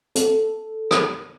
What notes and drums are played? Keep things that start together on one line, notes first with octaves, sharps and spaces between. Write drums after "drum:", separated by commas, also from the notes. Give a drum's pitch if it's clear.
A4, drum: hi-hat
drum: rim click